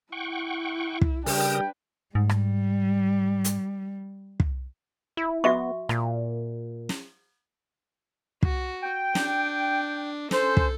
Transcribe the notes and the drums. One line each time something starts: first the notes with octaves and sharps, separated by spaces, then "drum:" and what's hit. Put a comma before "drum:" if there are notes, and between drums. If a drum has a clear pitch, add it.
E4 F#5 G5 C#6
drum: kick
C#3 G3 D4 A#4 B4 G5 D#6, drum: open hi-hat
G#2 G3
drum: rim click
drum: hi-hat
drum: kick
E4
B3 F#4 E5 C#6
A#2, drum: rim click
drum: snare
F#4, drum: kick
G5
D4, drum: snare
C#4 A4 C5, drum: snare
drum: kick